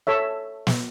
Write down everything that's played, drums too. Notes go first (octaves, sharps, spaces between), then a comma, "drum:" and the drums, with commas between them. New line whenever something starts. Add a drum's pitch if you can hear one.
A4 C#5 E5
drum: snare